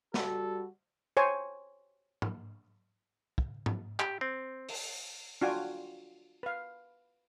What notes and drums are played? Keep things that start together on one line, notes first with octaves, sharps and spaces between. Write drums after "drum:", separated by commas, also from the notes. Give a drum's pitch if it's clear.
G3 F#4 A4, drum: snare
C5 C#5 G#5
drum: tom G#2
drum: kick
drum: tom G#2
G4, drum: clap
C4
drum: open hi-hat
D4 F4 F#4 G5 G#5
B4 F5